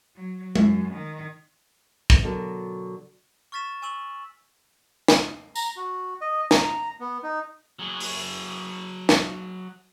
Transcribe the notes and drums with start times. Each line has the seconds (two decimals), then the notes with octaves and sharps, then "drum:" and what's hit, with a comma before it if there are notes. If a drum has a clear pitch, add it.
0.16 F#3
0.56 F#2, drum: tom G#3
0.94 D#3
2.10 drum: kick
2.22 B2 D3 F#3 D4 A4 A#4
3.52 C#6 F6 A6 B6 E7
3.82 G#5 C#6 E6 F#7
5.08 drum: snare
5.56 A#5, drum: tambourine
5.77 F#4
6.21 D#5
6.51 A#5, drum: snare
7.00 B3
7.23 D#4
7.79 F#3 G#4
8.00 drum: open hi-hat
9.09 drum: snare